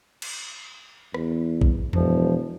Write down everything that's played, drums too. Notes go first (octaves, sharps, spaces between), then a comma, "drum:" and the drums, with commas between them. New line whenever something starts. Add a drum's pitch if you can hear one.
drum: cymbal
E2, drum: rim click
drum: kick
E1 F3, drum: tom E2